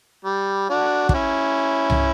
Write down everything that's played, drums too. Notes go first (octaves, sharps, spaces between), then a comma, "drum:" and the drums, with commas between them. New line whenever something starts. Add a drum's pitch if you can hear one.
G3
D4 F#4
D4, drum: kick
C#4 E4
drum: tom C2